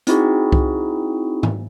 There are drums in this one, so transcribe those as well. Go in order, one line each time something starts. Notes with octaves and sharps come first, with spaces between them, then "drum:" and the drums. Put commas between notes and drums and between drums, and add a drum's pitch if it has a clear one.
C4 D#4 E4 F#4 G#4, drum: hi-hat
drum: kick C2
drum: tom G#2